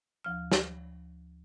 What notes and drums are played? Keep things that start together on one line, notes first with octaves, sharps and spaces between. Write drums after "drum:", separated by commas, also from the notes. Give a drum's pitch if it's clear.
D2 F3 F6
drum: snare